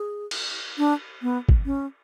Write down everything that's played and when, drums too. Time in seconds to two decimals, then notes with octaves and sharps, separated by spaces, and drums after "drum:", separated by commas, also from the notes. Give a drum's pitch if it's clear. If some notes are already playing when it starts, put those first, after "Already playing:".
Already playing: G#4
0.31 drum: cymbal
0.78 D4
1.22 B3
1.49 drum: kick
1.65 C#4